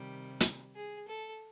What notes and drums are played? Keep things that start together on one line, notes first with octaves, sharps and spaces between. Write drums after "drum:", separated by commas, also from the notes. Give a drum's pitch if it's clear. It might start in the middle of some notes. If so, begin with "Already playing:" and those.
Already playing: C3 D#3 G3
drum: hi-hat
G#4
A4